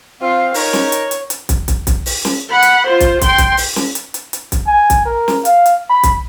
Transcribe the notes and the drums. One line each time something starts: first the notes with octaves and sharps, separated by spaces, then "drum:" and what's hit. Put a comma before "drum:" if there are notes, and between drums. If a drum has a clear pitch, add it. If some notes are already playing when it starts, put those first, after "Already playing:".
C4 F4 F5
D#4 A#4 C#5, drum: open hi-hat
drum: snare
drum: hi-hat
drum: hi-hat
drum: hi-hat
drum: kick, hi-hat
drum: kick, hi-hat
drum: kick, hi-hat
drum: open hi-hat
drum: snare
F#5 B5
drum: hi-hat
F4 C5
drum: kick, hi-hat
G5 C6, drum: kick, hi-hat
drum: kick, hi-hat
drum: open hi-hat
drum: snare
drum: hi-hat
drum: hi-hat
drum: hi-hat
drum: kick, hi-hat
G#5
drum: kick, hi-hat
A#4
drum: snare
F5, drum: hi-hat
drum: hi-hat
B5
drum: kick, hi-hat